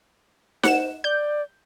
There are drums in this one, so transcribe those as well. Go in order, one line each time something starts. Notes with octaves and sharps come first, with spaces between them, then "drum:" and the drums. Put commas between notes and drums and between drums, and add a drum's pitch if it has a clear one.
C5 F#5 E7, drum: snare D#4
D5 G6